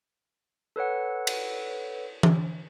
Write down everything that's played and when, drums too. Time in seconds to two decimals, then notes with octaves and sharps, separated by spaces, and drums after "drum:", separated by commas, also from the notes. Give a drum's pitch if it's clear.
0.76 A4 B4 C#5 F#5
1.27 drum: cymbal
2.23 drum: tom E3